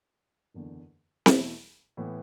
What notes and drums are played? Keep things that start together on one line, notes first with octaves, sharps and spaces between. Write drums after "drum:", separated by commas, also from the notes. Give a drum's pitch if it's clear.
F#1 E2 D3
E2 B2 A3 E4, drum: snare C4
A2 E3 B3